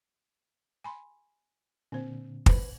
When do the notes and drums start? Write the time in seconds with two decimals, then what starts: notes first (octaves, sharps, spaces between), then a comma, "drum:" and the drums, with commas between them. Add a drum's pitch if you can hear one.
0.84 G#5 B5 C6
1.92 A#2 D3 C4 C5
2.46 B4 C5, drum: kick